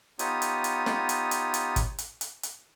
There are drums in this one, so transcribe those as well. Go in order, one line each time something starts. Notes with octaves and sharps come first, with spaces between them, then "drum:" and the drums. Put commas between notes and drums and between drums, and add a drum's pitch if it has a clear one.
B3 D#4 F4 G4 C#5 D#6, drum: hi-hat
drum: hi-hat
drum: hi-hat
drum: snare
drum: hi-hat
drum: hi-hat
drum: hi-hat
drum: kick, hi-hat
drum: hi-hat
drum: hi-hat
drum: hi-hat